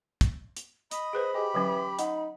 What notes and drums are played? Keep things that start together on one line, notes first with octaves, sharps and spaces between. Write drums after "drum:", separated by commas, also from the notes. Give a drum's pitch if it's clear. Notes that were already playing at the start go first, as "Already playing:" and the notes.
drum: kick, hi-hat
drum: hi-hat
D#5 B5, drum: hi-hat
G#4 B4 C5
G4 G#4 D#5
D3 E3 F#3 C#4
D#4 F#5, drum: hi-hat